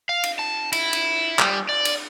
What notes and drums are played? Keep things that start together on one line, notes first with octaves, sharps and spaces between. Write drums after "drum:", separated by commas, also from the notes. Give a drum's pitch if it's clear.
F5
drum: cymbal
A5
E4, drum: cymbal
drum: cymbal
G3, drum: clap
D5
drum: cymbal